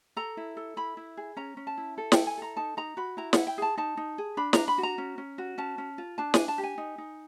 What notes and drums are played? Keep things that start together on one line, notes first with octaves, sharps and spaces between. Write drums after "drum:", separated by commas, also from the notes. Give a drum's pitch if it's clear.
A4 A#5
E4
A4
E4 B5
E4
G#4
C#4 A#5
C#4
A5
E4
A4
E4 G5, drum: snare
G#5
A4 A#5
D#4 A5
D#4 A#5
F#4 B5
E4 A#5
E4 F#5, drum: snare
G5
G#4 A5
D#4 A5
D#4
G#4
D4 B5
D4 A#5, drum: snare
B5
F#4
A#5
C#4
C#4
F#4
C#4 A5
C#4
F4
D4 A5
D4 G#5, drum: snare
A5
G4
G#5
D#4
D#4